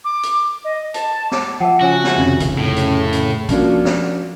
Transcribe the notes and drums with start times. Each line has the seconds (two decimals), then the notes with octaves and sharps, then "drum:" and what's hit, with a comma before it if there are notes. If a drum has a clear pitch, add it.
0.05 D6
0.23 drum: hi-hat
0.65 D#5
0.94 A5, drum: hi-hat
1.31 D6, drum: snare
1.60 F3 E5 F#5 G5 A5
1.81 C#3 F4 F#4 C#5 G#5
2.04 drum: snare
2.17 F2 C3 D#3
2.40 drum: kick, hi-hat
2.58 A2
2.76 drum: hi-hat
3.13 drum: hi-hat
3.49 F3 A#3 C#4 D4 F4 F#4, drum: kick, hi-hat
3.85 drum: snare